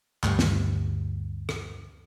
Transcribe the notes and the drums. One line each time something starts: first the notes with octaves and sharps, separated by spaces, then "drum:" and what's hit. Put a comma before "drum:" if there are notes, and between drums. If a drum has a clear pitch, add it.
D2 G2 G3, drum: clap
drum: snare
drum: rim click